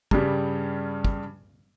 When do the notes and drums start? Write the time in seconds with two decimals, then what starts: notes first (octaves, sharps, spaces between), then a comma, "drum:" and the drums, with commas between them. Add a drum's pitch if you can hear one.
0.11 G2 C#3 G3, drum: kick
1.05 drum: kick